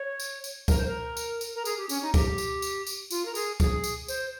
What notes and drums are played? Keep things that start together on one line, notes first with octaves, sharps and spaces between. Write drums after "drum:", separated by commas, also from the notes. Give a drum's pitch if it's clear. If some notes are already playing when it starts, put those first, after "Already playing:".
Already playing: C#5
drum: tambourine
drum: tambourine
A#4, drum: kick C#2, tambourine
C5
A#4
drum: tambourine
drum: tambourine
A#4
G#4, drum: tambourine
G4
C#4, drum: tambourine
D#4
G4, drum: kick C#2, tambourine
drum: tambourine
drum: tambourine
drum: tambourine
F4, drum: tambourine
A#4
G#4, drum: tambourine
G#4, drum: kick C#2, tambourine
drum: tambourine
C5, drum: tambourine